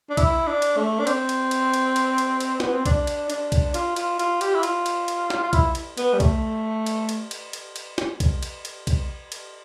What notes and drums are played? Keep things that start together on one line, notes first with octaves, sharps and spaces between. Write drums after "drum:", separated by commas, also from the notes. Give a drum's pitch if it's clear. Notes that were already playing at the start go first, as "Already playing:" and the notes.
D4
E4, drum: kick B1, cymbal
D4
drum: cymbal
A3
D4
C4, drum: cymbal
drum: cymbal
drum: cymbal
drum: cymbal
drum: cymbal
drum: cymbal
drum: cymbal
B3, drum: snare
C4
D4, drum: kick B1, cymbal
drum: cymbal
D4, drum: cymbal
drum: kick B1, cymbal
F4, drum: cymbal
F4, drum: cymbal
F4, drum: cymbal
G4, drum: cymbal
E4
F4, drum: cymbal
drum: cymbal
drum: cymbal
drum: snare
F4
E4, drum: kick B1, cymbal
drum: cymbal
B3, drum: cymbal
G3
A3, drum: kick B1, cymbal
drum: cymbal
drum: cymbal
drum: cymbal
drum: cymbal
drum: cymbal
drum: snare
drum: kick B1, cymbal
drum: cymbal
drum: cymbal
drum: kick B1, cymbal
drum: cymbal